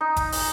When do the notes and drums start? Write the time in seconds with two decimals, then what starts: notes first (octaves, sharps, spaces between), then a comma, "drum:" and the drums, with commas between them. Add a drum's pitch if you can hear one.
0.01 D#4
0.16 drum: kick, hi-hat
0.32 drum: open hi-hat